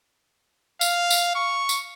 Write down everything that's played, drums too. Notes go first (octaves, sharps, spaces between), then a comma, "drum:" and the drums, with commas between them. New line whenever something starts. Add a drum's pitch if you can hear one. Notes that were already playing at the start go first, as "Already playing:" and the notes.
F5, drum: tambourine
drum: tambourine
C#6
drum: tambourine